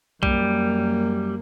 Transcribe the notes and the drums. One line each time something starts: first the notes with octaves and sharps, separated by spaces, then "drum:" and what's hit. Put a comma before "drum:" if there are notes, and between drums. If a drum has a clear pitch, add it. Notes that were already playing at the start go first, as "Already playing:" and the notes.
F#2 G3 A#3, drum: kick B1